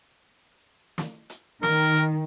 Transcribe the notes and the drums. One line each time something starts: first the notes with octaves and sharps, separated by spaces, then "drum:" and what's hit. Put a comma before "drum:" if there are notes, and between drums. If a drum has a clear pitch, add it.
drum: snare
drum: hi-hat
D#3 A#4, drum: snare
drum: hi-hat